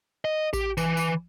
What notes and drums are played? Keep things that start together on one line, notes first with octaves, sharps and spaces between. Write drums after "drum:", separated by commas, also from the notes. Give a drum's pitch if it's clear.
D#5
G4, drum: kick A1, tambourine
E3, drum: tambourine
drum: tambourine